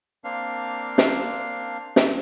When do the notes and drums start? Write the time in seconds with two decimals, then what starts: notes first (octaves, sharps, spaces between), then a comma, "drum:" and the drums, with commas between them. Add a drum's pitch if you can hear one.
0.24 A#3 C4 D4 F5
0.98 drum: snare
1.96 drum: snare